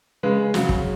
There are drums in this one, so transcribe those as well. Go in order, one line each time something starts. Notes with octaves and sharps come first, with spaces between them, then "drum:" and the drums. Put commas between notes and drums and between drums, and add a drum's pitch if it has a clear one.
C#3 G#3 B4
C#3 F#3, drum: snare
drum: kick